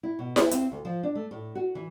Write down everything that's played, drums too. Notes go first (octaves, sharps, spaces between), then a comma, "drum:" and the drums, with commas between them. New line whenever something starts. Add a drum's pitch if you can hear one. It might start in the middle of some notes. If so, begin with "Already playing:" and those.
E4
B2
E5, drum: snare E4
C4, drum: hi-hat
D2
F3
D4
A3
A2
F#4
E3